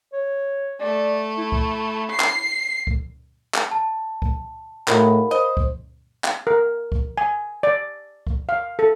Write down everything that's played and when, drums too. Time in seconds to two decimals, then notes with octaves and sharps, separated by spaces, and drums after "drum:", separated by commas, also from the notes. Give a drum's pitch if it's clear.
0.13 C#5
0.81 A3 D5
1.38 E4
1.52 drum: kick C#2
2.11 C7
2.20 drum: clap
2.87 drum: kick C#2
3.55 drum: clap
3.71 A5
4.22 drum: kick C#2
4.88 A2 G#3 D#4 F#4 A#4 F5 B5, drum: clap
5.31 C5 D#5
5.57 drum: kick C#2
6.24 drum: clap
6.47 A#4
6.92 drum: kick C#2
7.18 G#5
7.63 D5
8.27 drum: kick C#2
8.49 F5
8.79 A4